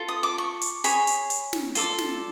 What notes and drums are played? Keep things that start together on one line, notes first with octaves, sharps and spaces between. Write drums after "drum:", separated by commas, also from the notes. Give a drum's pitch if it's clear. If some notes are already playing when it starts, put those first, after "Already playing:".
Already playing: F4 A4
D#6
D6
C#6
drum: hi-hat
G#4 C#5 B5, drum: hi-hat
drum: hi-hat
drum: hi-hat
drum: snare
F4 A4 D5, drum: hi-hat
drum: snare